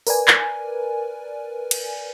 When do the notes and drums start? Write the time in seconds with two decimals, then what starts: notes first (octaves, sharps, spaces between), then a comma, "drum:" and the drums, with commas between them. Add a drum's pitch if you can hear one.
0.07 A#4 B4 D5 G#5, drum: open hi-hat
0.28 drum: clap
1.71 drum: cymbal